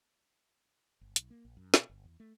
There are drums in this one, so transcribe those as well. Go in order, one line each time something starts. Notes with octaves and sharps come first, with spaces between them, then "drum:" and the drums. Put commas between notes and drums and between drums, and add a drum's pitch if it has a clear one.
G1
B1, drum: hi-hat
A#3
A#1
F#2
B2, drum: snare
G1
E2
A3